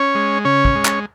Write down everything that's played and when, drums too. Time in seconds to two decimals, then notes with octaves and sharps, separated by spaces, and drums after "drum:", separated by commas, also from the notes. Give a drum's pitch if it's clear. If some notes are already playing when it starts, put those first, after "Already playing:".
Already playing: C#4 C#5
0.15 G#3
0.45 C#3 C#4 C#5
0.65 drum: kick
0.75 G#3
0.85 drum: clap